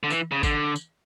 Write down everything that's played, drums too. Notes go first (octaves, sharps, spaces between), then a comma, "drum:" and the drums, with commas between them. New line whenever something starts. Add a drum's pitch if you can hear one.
D3
E3, drum: tambourine
C#3
D3, drum: kick, tambourine
drum: tambourine